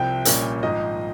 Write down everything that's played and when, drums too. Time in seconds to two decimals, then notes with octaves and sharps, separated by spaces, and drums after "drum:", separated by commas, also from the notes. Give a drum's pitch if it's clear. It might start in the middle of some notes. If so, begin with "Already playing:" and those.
Already playing: C2 C3 F3 C4 G5
0.25 A#1 A#2 G3 A#3 C#4, drum: hi-hat
0.63 G#1 G#2 F3 D#5